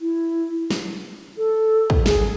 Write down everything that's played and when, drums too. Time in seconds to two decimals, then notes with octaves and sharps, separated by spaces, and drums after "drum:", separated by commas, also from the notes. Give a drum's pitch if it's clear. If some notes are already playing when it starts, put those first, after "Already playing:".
0.01 E4
0.70 drum: snare
1.37 A4
1.90 drum: kick
2.06 G#4, drum: snare